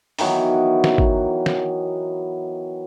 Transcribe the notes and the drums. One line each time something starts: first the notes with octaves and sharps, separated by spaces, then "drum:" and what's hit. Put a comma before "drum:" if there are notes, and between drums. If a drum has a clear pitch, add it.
D#3 E3 F#3 B3, drum: open hi-hat
drum: snare
drum: kick
drum: snare